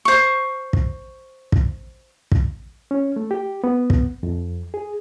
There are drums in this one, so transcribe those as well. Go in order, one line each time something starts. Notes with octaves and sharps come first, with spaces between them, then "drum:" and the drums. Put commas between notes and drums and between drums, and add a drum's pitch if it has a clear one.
C5 C#6
drum: kick
drum: kick
drum: kick
C#4
A3
G4
B3
drum: kick
F2
G#4